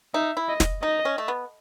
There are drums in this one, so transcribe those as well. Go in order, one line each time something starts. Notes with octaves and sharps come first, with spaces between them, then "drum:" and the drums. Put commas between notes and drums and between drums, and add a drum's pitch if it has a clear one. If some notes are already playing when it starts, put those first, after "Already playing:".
D#4 E5
E4
D#5
drum: snare
D#4 D#5
C#4
A3
B3